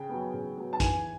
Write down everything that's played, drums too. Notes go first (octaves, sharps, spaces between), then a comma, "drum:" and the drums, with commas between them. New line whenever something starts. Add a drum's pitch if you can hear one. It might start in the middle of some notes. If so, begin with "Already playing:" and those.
Already playing: C#3 G5
F#3 B3
C#3
F#3 B3
A5
E3 G#5, drum: kick, hi-hat